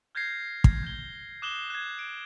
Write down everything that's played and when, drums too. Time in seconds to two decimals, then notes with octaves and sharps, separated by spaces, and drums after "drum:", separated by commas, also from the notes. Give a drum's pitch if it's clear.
0.15 F6 G6 G#6 A#6 C7
0.64 drum: kick
0.83 G6 G#6 G7
1.42 D6 D#6 F#6 E7 F#7 G7
1.70 F#6 G#6
1.99 D7